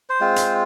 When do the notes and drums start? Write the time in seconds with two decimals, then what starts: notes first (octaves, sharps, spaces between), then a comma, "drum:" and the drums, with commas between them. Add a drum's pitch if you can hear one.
0.09 C5
0.20 G#3 C4 F4
0.36 drum: hi-hat